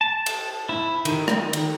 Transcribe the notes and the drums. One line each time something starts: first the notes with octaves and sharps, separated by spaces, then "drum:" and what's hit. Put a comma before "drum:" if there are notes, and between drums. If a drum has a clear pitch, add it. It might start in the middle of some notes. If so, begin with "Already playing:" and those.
A5
drum: cymbal
E4
D#3, drum: cymbal
drum: rim click
drum: cymbal